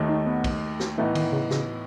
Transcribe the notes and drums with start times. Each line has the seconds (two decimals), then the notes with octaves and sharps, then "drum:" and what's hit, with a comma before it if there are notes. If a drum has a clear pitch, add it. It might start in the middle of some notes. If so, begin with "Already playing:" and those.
Already playing: D#2 D#3 A3
0.09 D#4
0.26 B3
0.44 drum: kick, cymbal
0.80 drum: snare
0.98 A2 E3 A3 B3 D#4
1.15 D#3, drum: cymbal
1.32 C#3
1.50 C#3, drum: snare